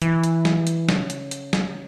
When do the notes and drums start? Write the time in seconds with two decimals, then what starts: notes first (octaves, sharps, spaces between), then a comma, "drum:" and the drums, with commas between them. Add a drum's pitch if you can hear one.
0.02 E3, drum: hi-hat
0.24 drum: hi-hat
0.45 drum: snare
0.67 drum: hi-hat
0.89 C#3, drum: snare
1.10 drum: hi-hat
1.31 drum: hi-hat
1.53 drum: snare